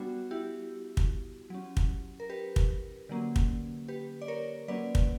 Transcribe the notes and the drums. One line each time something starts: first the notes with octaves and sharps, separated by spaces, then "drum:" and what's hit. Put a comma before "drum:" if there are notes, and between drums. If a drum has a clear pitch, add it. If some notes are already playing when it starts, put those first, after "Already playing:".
Already playing: G3 B3 D4 F#4
E4 G4
drum: kick
F#3 C#4
drum: kick
A#4
G4 B4
drum: kick
D3 F#3 A#3 C#4
drum: kick
G4 B4
D5
A#4 C#5
F#3 A#3 C#4 B4 D5
drum: kick